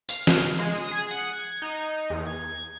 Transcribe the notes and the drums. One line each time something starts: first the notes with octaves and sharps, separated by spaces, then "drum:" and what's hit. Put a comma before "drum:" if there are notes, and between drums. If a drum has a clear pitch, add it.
F5, drum: tambourine
drum: snare
G#3
D#6
G#4
F#5
G#6
D#4
E2
G#6